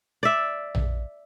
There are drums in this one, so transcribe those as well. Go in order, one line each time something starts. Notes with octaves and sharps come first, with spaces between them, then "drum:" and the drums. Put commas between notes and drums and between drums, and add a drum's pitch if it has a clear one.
D5 E5
drum: tom A#1